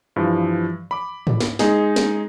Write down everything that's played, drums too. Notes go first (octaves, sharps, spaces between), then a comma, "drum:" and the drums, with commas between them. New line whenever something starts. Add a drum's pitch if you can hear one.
G2 E3 F3
B5 D6
drum: tom G#2
drum: snare
G#3 D#4 G#4, drum: snare
drum: snare